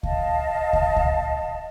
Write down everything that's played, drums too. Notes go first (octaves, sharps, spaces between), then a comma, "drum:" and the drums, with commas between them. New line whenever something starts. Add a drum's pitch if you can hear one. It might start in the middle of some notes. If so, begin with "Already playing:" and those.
D#5 F5 A5, drum: kick C#2
drum: kick C#2
drum: kick C#2